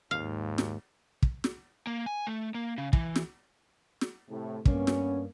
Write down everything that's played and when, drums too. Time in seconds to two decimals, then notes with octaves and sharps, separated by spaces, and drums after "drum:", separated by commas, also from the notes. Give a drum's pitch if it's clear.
0.11 D#2 G#2 F5
0.58 drum: snare
1.23 drum: kick
1.44 drum: snare
1.87 A#3
2.06 G#5
2.27 A3
2.55 A#3
2.78 C#3
2.93 E3, drum: kick
3.16 drum: snare
4.01 drum: snare
4.29 A2 C3 A3
4.65 G2 A#3 B3 C#4, drum: kick
4.87 drum: snare